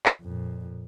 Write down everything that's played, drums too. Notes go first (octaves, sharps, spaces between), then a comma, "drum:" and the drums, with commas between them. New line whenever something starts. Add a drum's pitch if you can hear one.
drum: clap
F2 A#2